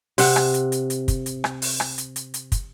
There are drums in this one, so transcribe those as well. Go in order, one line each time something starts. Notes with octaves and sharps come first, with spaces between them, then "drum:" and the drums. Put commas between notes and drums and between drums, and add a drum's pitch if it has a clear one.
C3 F#5, drum: open hi-hat
drum: rim click
drum: hi-hat
drum: hi-hat
drum: hi-hat
drum: kick, hi-hat
drum: hi-hat
drum: rim click
drum: open hi-hat
drum: rim click
drum: hi-hat
drum: hi-hat
drum: hi-hat
drum: kick, hi-hat